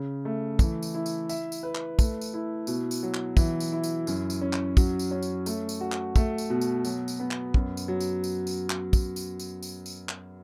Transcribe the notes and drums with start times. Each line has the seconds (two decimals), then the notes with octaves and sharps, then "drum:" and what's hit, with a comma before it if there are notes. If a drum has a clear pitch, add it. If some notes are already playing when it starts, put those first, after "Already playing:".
Already playing: C#3
0.25 A3
0.59 E3, drum: kick, tambourine
0.82 drum: tambourine
0.94 E4
1.06 drum: tambourine
1.29 E5, drum: tambourine
1.52 drum: tambourine
1.63 B4
1.75 drum: clap
1.99 A3, drum: kick, tambourine
2.21 drum: tambourine
2.34 E4
2.67 B2, drum: tambourine
2.91 drum: tambourine
3.03 F#3
3.14 drum: clap
3.37 E3, drum: kick, tambourine
3.60 drum: tambourine
3.72 E4
3.84 drum: tambourine
4.07 F#2, drum: tambourine
4.30 drum: tambourine
4.41 C#4
4.53 drum: clap
4.77 F#3, drum: kick, tambourine
4.99 drum: tambourine
5.11 C#4
5.23 drum: tambourine
5.46 A3, drum: tambourine
5.69 drum: tambourine
5.81 F#4
5.92 drum: clap
6.16 A3, drum: kick, tambourine
6.38 drum: tambourine
6.50 B2
6.61 drum: tambourine
6.85 F#3, drum: tambourine
7.08 drum: tambourine
7.20 B3
7.31 drum: clap
7.54 F#2, drum: kick
7.77 drum: tambourine
7.88 F#3
8.00 drum: tambourine
8.24 drum: tambourine
8.47 drum: tambourine
8.70 drum: clap
8.93 drum: kick, tambourine
9.16 drum: tambourine
9.39 drum: tambourine
9.63 drum: tambourine
9.86 drum: tambourine
10.09 drum: clap